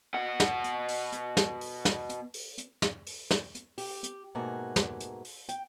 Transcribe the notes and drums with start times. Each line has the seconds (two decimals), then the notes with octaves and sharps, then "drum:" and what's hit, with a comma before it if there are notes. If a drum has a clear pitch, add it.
0.14 B2 F#5
0.40 drum: snare
0.64 drum: hi-hat
0.88 drum: open hi-hat
1.13 drum: hi-hat
1.37 drum: snare
1.61 drum: open hi-hat
1.85 drum: snare
2.09 drum: hi-hat
2.34 drum: open hi-hat
2.58 drum: hi-hat
2.82 drum: snare
3.06 drum: open hi-hat
3.31 drum: snare
3.55 drum: hi-hat
3.78 G4, drum: open hi-hat
4.03 drum: hi-hat
4.35 G#2 B2 A3 A#3 F#5 G#5
4.76 drum: snare
5.00 drum: hi-hat
5.24 drum: open hi-hat
5.49 G5, drum: hi-hat